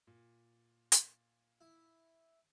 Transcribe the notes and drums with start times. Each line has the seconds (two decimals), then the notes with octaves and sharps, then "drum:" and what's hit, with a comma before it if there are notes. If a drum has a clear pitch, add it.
0.07 A#2
0.92 drum: hi-hat
1.61 E4